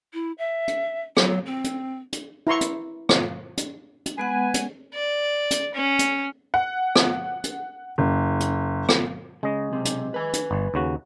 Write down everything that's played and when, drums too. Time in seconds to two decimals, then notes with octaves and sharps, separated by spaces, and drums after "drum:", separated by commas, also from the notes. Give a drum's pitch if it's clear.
0.13 E4
0.38 E5
0.68 drum: hi-hat
1.17 F#3, drum: rim click
1.46 C4
1.64 drum: hi-hat
2.13 drum: hi-hat
2.47 E4 A#5 C6 C#6
2.61 drum: hi-hat
3.09 drum: rim click
3.57 drum: hi-hat
4.06 drum: hi-hat
4.18 G#3 B3 B4 F#5 G#5
4.54 drum: hi-hat
4.94 D5
5.51 drum: hi-hat
5.75 C#4
5.99 drum: hi-hat
6.54 F#5
6.96 drum: rim click
7.44 drum: hi-hat
7.98 F#1
8.40 drum: hi-hat
8.89 drum: rim click
9.43 C#3 G#3 D#5
9.70 B1 C3
9.85 drum: hi-hat
10.14 B4 G#5
10.34 drum: hi-hat
10.51 G1
10.74 D#2 C#3 F#4